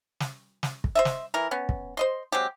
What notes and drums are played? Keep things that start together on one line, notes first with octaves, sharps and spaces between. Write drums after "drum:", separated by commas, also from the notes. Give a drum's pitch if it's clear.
drum: snare
drum: snare
drum: kick
C5 D#5 E5
drum: snare
E3 A#4
B3 C#4
drum: kick
C5 D#5 C6
F#3 G#3 C4 G4